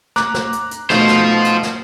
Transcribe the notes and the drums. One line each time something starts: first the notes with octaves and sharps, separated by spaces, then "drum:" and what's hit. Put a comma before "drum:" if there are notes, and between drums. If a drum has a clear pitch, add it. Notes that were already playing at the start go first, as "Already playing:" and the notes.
A#5 D6 F#6, drum: snare
drum: snare
drum: hi-hat
drum: hi-hat
B2 A3 D#4 F4 C5, drum: snare
drum: snare
drum: hi-hat
drum: snare